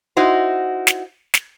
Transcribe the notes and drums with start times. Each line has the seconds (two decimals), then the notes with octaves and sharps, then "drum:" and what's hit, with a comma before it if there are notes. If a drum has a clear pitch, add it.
0.17 D#4 E4 F#4 C5
0.87 drum: snare
1.34 drum: snare